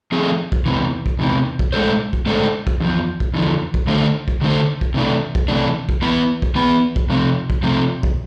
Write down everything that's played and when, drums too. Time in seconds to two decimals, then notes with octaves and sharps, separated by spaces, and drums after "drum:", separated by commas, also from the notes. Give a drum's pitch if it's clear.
0.12 F3 A3 C4 G#4
0.52 drum: kick
0.66 E2 C3 E3
1.06 drum: kick
1.19 E2 C3 E3
1.59 drum: kick
1.73 A2 G#3 D4 A4 C5
2.13 drum: kick
2.26 A2 G#3 D4 A4 C5
2.67 drum: kick
2.80 E2 D3 F3
3.20 drum: kick
3.34 E2 D3 F3
3.74 drum: kick
3.87 D3 A3 D4 A4 C5
4.28 drum: kick
4.41 D3 A3 D4 A4 C5
4.81 drum: kick
4.94 C3 E3 A3 D4
5.35 drum: kick
5.48 C3 E3 A3 D4
5.89 drum: kick
6.02 E3 B3 E4 B4
6.42 drum: kick
6.55 E3 B3 E4 B4
6.96 drum: kick
7.10 C3 F3 A3 C4
7.50 drum: kick
7.63 C3 F3 A3 C4
8.03 drum: kick